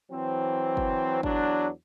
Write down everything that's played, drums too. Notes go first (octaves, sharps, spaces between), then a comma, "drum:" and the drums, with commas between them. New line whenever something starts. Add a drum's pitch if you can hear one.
E3 F#3 C4
drum: kick
E2 F#3 D4, drum: kick